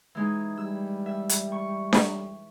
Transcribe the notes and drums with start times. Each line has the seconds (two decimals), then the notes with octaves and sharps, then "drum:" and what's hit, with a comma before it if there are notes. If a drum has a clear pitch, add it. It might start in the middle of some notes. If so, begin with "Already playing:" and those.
0.15 E3 G#3 D#4
0.57 G3 E6
1.06 E5
1.29 drum: hi-hat
1.52 C#6
1.93 drum: snare D4